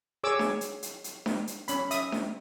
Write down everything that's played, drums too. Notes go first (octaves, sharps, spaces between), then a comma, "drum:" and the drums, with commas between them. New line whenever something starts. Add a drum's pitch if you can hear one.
G#4 C#5 D6 E6
drum: snare D4
drum: hi-hat
drum: hi-hat
drum: hi-hat
drum: snare D4
drum: hi-hat
C#4 B5, drum: hi-hat
E5 D#6, drum: hi-hat
drum: snare D4